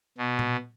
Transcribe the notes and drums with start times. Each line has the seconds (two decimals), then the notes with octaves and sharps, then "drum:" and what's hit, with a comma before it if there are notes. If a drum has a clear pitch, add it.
0.18 B2
0.39 drum: tom A#2